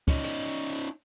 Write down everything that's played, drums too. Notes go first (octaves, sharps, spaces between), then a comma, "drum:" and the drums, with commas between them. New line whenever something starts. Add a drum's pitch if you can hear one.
C#4 D#4, drum: kick
drum: hi-hat